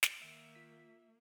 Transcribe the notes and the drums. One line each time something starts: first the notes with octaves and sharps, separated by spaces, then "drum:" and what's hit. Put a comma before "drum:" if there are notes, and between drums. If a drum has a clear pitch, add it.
drum: snare
D#3 A#3 E5
F4 B6